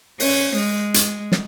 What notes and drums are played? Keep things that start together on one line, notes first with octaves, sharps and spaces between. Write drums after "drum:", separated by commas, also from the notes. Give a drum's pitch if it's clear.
C#4, drum: open hi-hat
G#3
drum: hi-hat
drum: snare